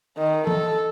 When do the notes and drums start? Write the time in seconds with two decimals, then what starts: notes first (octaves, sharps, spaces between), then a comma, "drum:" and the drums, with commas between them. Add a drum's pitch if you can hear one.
0.17 D#3
0.47 A4, drum: tom E3